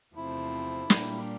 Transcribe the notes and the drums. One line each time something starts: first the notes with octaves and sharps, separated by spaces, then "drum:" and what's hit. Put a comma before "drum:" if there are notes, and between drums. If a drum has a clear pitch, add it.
E2 C3 F3 A3 C4 E4
A#2 G3 A#3 D4 G4, drum: snare